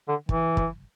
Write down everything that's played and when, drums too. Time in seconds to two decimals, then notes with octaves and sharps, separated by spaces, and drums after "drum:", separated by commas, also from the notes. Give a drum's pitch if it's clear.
0.08 D3
0.29 E3, drum: kick
0.57 drum: kick